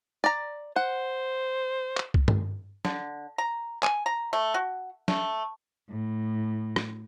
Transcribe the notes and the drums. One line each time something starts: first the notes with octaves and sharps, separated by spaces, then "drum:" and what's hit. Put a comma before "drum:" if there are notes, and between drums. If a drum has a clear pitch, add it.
D5 A#5
C5 F#5
drum: clap
drum: kick
drum: tom G2
D3, drum: snare
A#5
G#5, drum: clap
A#5
A3
F#4
A3, drum: snare
A2
drum: rim click